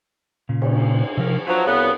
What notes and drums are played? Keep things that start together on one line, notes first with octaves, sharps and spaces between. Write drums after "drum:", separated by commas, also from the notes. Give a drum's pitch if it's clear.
A#2 C#3
drum: cymbal
C3 F3 A#4
F3 F#3 B4 A#5
C2 C#3 B3 F#4 B4